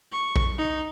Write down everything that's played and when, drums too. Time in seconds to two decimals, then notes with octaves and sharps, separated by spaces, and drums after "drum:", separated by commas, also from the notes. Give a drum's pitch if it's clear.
0.12 C#6
0.36 drum: kick A#1
0.58 D#4